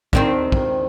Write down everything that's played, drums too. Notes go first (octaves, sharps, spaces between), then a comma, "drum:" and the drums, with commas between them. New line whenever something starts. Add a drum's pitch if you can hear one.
D#3 C4 D4, drum: kick
drum: kick